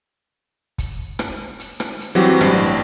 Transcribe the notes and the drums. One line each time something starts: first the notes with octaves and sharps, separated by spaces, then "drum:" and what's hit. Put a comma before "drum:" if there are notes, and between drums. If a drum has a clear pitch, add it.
drum: kick, hi-hat
drum: rim click
drum: hi-hat
drum: rim click
drum: hi-hat
E3 F#3 G3 C4 F#4 G4
A1 G2 D4 G5 C7, drum: rim click